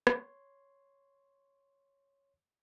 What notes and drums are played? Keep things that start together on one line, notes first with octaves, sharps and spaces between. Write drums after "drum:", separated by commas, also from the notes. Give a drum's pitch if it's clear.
C#5 C6, drum: rim click